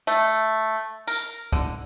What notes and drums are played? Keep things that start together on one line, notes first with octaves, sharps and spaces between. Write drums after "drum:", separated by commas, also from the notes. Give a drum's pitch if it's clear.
A3
A#4, drum: tambourine
D3, drum: kick C#2